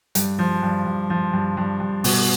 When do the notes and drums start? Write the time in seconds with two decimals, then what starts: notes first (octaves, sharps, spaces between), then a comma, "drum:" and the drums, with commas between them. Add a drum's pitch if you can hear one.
0.15 G2, drum: hi-hat
0.39 F3
0.63 G2
0.86 G2
1.10 F3
1.33 G2
1.57 G2
1.80 G2
2.04 B2, drum: open hi-hat